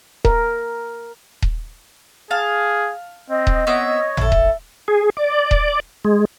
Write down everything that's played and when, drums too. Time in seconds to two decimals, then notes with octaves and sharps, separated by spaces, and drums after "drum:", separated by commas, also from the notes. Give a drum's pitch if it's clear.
0.25 A#4, drum: kick D#1
1.42 drum: kick D#1
2.31 G#4 F5 A5
3.30 C4 D#5
3.47 drum: kick D#1
3.67 B3 C4 C#5 E5
4.17 E4 A4, drum: tom G#1
4.32 drum: kick D#1
4.88 G#4
5.17 D5
5.51 drum: kick D#1
6.05 G#3